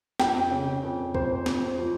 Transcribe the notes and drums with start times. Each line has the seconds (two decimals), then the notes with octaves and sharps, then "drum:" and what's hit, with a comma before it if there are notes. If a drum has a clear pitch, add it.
0.20 F2 G5, drum: snare
0.51 C#3
0.83 F2
1.15 F2 C5, drum: kick C#2
1.46 F2, drum: snare
1.78 F3